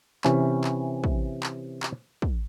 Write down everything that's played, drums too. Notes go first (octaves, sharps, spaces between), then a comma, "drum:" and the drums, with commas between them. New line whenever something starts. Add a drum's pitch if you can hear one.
C3 E3 C#4, drum: clap
drum: clap
drum: kick
drum: clap
drum: clap
drum: kick